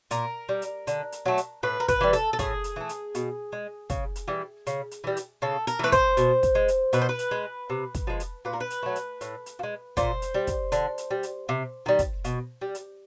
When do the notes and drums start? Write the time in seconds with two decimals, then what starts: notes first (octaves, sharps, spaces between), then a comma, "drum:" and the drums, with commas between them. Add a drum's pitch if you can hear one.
0.11 A#2 A#4, drum: hi-hat
0.49 G3
0.62 drum: hi-hat
0.87 D3, drum: hi-hat
1.12 drum: hi-hat
1.26 F#3 A3
1.38 drum: hi-hat
1.63 A2 B4
1.80 A#4
1.88 B4, drum: kick, hi-hat
2.01 E3 G3
2.13 A4, drum: hi-hat
2.33 A4
2.39 A2 G#4, drum: kick, hi-hat
2.64 drum: hi-hat
2.76 E3 A3
2.89 drum: hi-hat
3.15 B2, drum: hi-hat
3.53 G#3
3.90 C#3, drum: kick, hi-hat
4.16 drum: hi-hat
4.28 E3 G3
4.67 C#3, drum: hi-hat
4.91 drum: hi-hat
5.04 E3 G3
5.17 drum: hi-hat
5.42 C#3 A4
5.67 A#4, drum: hi-hat
5.79 E3 A3 B4
5.92 C5, drum: kick, hi-hat
6.17 B2, drum: hi-hat
6.43 drum: kick, hi-hat
6.55 G#3
6.68 drum: hi-hat
6.93 B2 B4, drum: hi-hat
7.02 C5
7.09 B4
7.19 drum: hi-hat
7.31 G#3
7.70 C3
7.95 drum: kick, hi-hat
8.07 F3 G#3
8.20 drum: hi-hat
8.45 A#2 B4
8.53 A#4
8.60 B4
8.70 drum: hi-hat
8.83 F#3 A3
8.96 drum: hi-hat
9.21 A2, drum: hi-hat
9.46 drum: hi-hat
9.59 F3
9.63 G#3
9.97 A#2 C5, drum: kick, hi-hat
10.22 drum: hi-hat
10.35 G3
10.47 drum: kick, hi-hat
10.72 D3, drum: hi-hat
10.98 drum: hi-hat
11.11 G3
11.23 drum: hi-hat
11.49 C3
11.86 D#3 G3
11.99 drum: kick, hi-hat
12.24 B2, drum: hi-hat
12.61 G3
12.75 drum: hi-hat